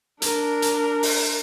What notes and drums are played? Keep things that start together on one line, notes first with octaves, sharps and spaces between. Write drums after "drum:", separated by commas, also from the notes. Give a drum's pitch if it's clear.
D4 A#4, drum: hi-hat
drum: hi-hat
drum: open hi-hat